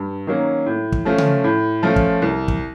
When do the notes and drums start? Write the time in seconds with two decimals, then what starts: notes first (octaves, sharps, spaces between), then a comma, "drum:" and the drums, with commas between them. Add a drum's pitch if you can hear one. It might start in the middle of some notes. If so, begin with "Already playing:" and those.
Already playing: G2
0.27 D#3 F#3 A#3 C#4
0.66 A2
0.92 drum: kick
1.05 F3 A3 C#4 F4
1.18 drum: tom C#3
1.44 A2
1.83 F3 A3 C#4 F4
1.96 drum: kick
2.22 C2
2.48 drum: kick